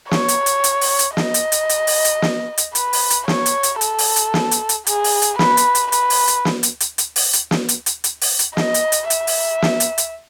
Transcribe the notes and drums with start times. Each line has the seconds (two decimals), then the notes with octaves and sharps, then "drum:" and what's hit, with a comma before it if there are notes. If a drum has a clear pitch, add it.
0.11 C#5, drum: snare
0.28 drum: hi-hat
0.46 drum: hi-hat
0.64 drum: hi-hat
0.81 drum: open hi-hat
0.99 drum: hi-hat
1.17 D#5, drum: snare
1.34 drum: hi-hat
1.52 drum: hi-hat
1.69 drum: hi-hat
1.87 drum: open hi-hat
2.05 drum: hi-hat
2.22 drum: snare
2.58 drum: hi-hat
2.75 B4, drum: hi-hat
2.93 drum: open hi-hat
3.10 drum: hi-hat
3.28 C#5, drum: snare
3.46 drum: hi-hat
3.63 drum: hi-hat
3.81 A4, drum: hi-hat
3.98 drum: open hi-hat
4.16 drum: hi-hat
4.34 drum: snare
4.51 drum: hi-hat
4.69 drum: hi-hat
4.87 G#4, drum: hi-hat
5.04 drum: open hi-hat
5.22 drum: hi-hat
5.39 B4, drum: snare
5.57 drum: hi-hat
5.75 drum: hi-hat
5.92 B4, drum: hi-hat
6.10 drum: open hi-hat
6.28 drum: hi-hat
6.45 drum: snare
6.63 drum: hi-hat
6.80 drum: hi-hat
6.98 drum: hi-hat
7.16 drum: open hi-hat
7.33 drum: hi-hat
7.51 drum: snare
7.69 drum: hi-hat
7.86 drum: hi-hat
8.04 drum: hi-hat
8.21 drum: open hi-hat
8.39 drum: hi-hat
8.57 D#5, drum: snare
8.74 drum: hi-hat
8.92 drum: hi-hat
9.10 E5, drum: hi-hat
9.27 drum: open hi-hat
9.62 drum: snare
9.80 drum: hi-hat
9.98 drum: hi-hat